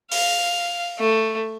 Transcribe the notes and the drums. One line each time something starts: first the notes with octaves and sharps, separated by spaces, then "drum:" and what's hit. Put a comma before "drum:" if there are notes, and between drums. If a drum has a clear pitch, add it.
F5, drum: open hi-hat
A3